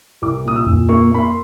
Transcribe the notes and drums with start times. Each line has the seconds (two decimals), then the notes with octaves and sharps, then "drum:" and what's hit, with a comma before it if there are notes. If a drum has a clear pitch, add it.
0.22 C2 D6
0.45 A#2 D#6
0.56 E6
0.67 A#2, drum: tom F2
0.89 A#3 C#6
1.11 A#3 B5
1.22 C6